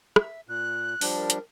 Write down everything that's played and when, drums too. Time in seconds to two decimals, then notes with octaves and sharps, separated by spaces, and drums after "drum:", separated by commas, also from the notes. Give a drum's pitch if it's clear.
0.16 E5, drum: rim click
0.49 A#2 F#6
1.01 F3 G3 D4, drum: open hi-hat
1.16 A#4
1.30 drum: hi-hat